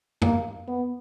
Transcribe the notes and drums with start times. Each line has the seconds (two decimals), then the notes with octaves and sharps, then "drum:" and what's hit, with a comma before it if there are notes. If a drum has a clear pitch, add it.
0.22 A#3, drum: tom F2
0.68 B3